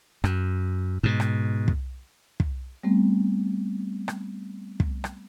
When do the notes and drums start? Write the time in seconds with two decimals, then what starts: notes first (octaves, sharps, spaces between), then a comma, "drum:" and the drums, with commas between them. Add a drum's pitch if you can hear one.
0.24 F#2, drum: rim click
1.03 G#2 B2
1.20 drum: rim click
1.68 drum: kick
2.40 drum: kick
2.83 G3 A3 B3 C4
4.08 drum: rim click
4.80 drum: kick
5.04 drum: rim click